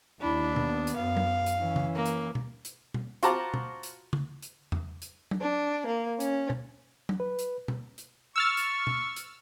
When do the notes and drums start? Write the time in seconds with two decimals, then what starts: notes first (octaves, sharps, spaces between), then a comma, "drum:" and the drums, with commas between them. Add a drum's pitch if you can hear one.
0.21 D#2 D4 E4 B5
0.56 B3, drum: tom B2
0.87 drum: hi-hat
0.96 F#2 F5
1.17 drum: tom F#3
1.46 drum: hi-hat
1.59 E3 C#4
1.76 drum: tom C#3
1.96 A#3
2.06 drum: hi-hat
2.35 drum: tom B2
2.65 drum: hi-hat
2.94 drum: tom B2
3.23 F4 F#4 C5 A5 A#5 D6, drum: hi-hat
3.54 drum: tom B2
3.83 drum: hi-hat
4.13 drum: tom C#3
4.42 drum: hi-hat
4.72 drum: tom E2
5.02 drum: hi-hat
5.31 drum: tom F#3
5.41 D4
5.86 A#3
6.20 C#4, drum: hi-hat
6.50 drum: tom B2
7.09 drum: tom F#3
7.20 B4
7.39 drum: hi-hat
7.68 drum: tom B2
7.98 drum: hi-hat
8.36 C#6 E6 F6 A6
8.57 drum: hi-hat
8.87 drum: tom B2
9.16 drum: hi-hat